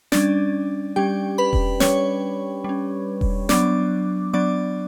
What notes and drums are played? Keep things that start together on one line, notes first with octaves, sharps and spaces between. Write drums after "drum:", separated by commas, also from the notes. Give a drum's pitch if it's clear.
G3 C#4 D4 D5, drum: snare
G3 C#4 G4 G5
B4 B5
drum: kick E1
G3 C#4 C#5 C#6, drum: snare
G3 C#4
drum: kick E1
F#3 B3 D4 D5 D6, drum: snare
F#3 B3 D4 D5 D6